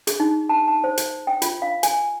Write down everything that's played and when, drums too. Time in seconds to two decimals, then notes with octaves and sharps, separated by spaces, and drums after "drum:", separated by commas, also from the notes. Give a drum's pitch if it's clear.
0.07 G#4, drum: hi-hat
0.20 D#4
0.49 A5
0.68 A5
0.84 C5
0.98 drum: hi-hat
1.27 G5
1.42 F4, drum: hi-hat
1.62 F5
1.83 G#5, drum: hi-hat